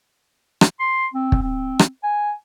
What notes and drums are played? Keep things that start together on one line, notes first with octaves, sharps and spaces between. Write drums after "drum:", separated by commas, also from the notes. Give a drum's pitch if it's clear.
drum: rim click
C6
C4
drum: kick
C4
drum: rim click
G#5